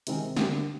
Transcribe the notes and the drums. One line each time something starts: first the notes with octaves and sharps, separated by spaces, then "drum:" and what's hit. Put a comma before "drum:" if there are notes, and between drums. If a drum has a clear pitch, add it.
C3 D#3 G#3 C4, drum: hi-hat
D3 G3 D4 G4 A#4, drum: snare